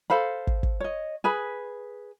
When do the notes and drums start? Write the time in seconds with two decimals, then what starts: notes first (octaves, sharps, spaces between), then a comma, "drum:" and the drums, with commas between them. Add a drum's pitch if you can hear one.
0.10 A4 C5 F5 B5
0.47 drum: kick
0.63 drum: kick
0.80 C#5 D#5
1.24 G#4 B4 B5